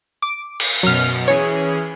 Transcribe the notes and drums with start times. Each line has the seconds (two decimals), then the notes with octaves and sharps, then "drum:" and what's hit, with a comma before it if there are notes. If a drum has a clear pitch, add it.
0.22 D6
0.60 drum: cymbal
0.83 F#2 B2 F#3 F6
1.28 E3 C#4 G#4 C#5